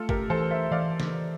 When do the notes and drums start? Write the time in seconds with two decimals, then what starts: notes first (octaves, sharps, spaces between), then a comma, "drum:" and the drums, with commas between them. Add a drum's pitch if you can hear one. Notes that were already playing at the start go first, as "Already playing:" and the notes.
Already playing: A3 F4 A4
0.09 G4 A#4, drum: kick
0.30 E3 A4 C5
0.51 C5 E5
0.71 E3 D5 F5
1.00 drum: snare